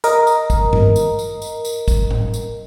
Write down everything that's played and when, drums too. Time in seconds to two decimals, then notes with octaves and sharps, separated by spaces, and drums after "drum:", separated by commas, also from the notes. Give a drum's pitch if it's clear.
0.04 A#4 D#5, drum: tambourine
0.27 drum: tambourine
0.50 drum: kick, tambourine
0.73 drum: tom G2
0.96 drum: tambourine
1.19 drum: tambourine
1.42 drum: tambourine
1.65 drum: tambourine
1.88 drum: kick, tambourine
2.11 drum: tom A2
2.34 drum: tambourine